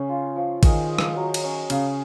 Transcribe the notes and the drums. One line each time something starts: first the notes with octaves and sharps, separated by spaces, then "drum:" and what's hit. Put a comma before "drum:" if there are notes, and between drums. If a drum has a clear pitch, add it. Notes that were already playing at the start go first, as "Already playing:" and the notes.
Already playing: C#3 C#4
F4
F3
D#3 G#4, drum: kick A1, cymbal
G#4
drum: rim click
F#3
drum: cymbal
C#4
C#3 F5, drum: cymbal